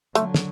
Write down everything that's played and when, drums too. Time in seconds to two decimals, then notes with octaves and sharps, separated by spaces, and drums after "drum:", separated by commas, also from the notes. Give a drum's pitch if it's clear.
0.15 D3 F#3 A3, drum: hi-hat
0.34 drum: snare